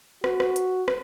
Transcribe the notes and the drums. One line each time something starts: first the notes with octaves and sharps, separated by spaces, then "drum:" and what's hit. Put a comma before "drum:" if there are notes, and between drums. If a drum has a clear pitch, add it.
F#4, drum: rim click
drum: rim click
drum: hi-hat
drum: rim click